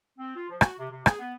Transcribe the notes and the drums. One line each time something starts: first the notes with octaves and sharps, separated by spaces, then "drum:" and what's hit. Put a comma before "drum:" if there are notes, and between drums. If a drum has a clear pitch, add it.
C4
F4
F3
F#4, drum: rim click
C3
C3
G#4, drum: rim click
B3